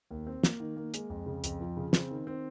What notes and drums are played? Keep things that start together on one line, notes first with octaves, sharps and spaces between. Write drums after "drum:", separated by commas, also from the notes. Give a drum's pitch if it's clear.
D#2
C4
A#3, drum: snare
D#3
A#3
G#3, drum: hi-hat
F2
C#3
F2, drum: hi-hat
F3
C#3
C4, drum: snare
D#3
C4